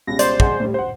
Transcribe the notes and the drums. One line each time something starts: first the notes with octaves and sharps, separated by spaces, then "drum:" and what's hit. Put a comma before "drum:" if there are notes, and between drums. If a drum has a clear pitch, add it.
C#2 B2 G3 A#6
C5 D5, drum: hi-hat
G#3 F#5 G#5, drum: kick
A2 G3
C5 F#5